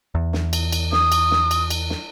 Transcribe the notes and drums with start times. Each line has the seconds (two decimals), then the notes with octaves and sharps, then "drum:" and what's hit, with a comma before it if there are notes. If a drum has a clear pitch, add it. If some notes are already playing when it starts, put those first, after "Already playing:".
0.15 E2
0.33 drum: snare
0.53 drum: cymbal
0.72 drum: cymbal
0.92 D#6, drum: snare
1.12 drum: cymbal
1.31 drum: snare
1.51 drum: cymbal
1.70 drum: cymbal
1.90 drum: snare